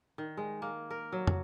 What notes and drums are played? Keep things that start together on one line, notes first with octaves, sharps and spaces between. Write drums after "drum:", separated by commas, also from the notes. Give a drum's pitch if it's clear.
D#3
G#3
A#3
A#4
F#3
drum: tom